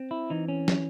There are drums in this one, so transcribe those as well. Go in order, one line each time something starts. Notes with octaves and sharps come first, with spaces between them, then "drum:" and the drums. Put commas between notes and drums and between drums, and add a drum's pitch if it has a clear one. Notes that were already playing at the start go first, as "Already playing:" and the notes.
Already playing: C4
E4
E3 D#4
C#4
drum: snare